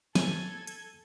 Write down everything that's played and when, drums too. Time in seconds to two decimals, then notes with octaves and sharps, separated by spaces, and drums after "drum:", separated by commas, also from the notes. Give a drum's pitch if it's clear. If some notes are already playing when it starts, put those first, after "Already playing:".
0.15 A4 G#5 G#6, drum: snare
0.67 drum: hi-hat